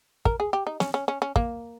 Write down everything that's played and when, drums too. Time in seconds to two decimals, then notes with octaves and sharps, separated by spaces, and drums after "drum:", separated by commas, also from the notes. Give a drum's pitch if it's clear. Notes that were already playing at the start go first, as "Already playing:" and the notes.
0.25 A#4, drum: kick
0.40 G#4
0.53 G4
0.67 D#4
0.80 C#4, drum: snare
0.94 C#4
1.08 C#4
1.22 C#4
1.36 A#3, drum: kick